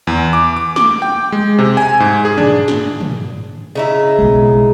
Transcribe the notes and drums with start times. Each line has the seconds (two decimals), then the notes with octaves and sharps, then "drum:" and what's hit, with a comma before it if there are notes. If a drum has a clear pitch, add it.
0.07 E2
0.33 D6
0.57 D6
0.76 D6, drum: snare
1.02 G5
1.32 G#3
1.58 C3
1.77 G#5
2.00 G#2
2.25 G#4
2.38 D4, drum: tom
2.68 drum: snare
3.00 drum: tom
3.75 C#3 D#4 E4
4.19 B1 G#3